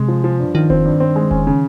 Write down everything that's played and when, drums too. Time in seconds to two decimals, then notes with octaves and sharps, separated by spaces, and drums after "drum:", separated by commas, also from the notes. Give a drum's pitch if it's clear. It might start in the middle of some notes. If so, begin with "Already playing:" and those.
Already playing: C3 G#3
0.08 F3
0.24 F3
0.40 G2
0.55 D#3 F3
0.70 C4, drum: kick F1
0.85 G2
1.00 C4
1.16 G#3
1.31 C#4, drum: kick F1
1.47 C#3